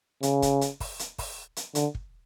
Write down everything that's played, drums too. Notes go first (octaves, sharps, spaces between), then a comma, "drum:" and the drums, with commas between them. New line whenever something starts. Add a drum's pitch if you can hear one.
C#3, drum: hi-hat
drum: kick, hi-hat
drum: hi-hat
drum: kick, open hi-hat
drum: hi-hat
drum: kick, open hi-hat
drum: hi-hat
D3, drum: hi-hat
drum: kick